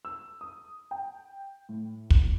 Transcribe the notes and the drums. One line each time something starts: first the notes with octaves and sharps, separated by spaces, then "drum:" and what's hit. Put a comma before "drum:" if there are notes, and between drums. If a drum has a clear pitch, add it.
E6
D#6
G5
A2
drum: kick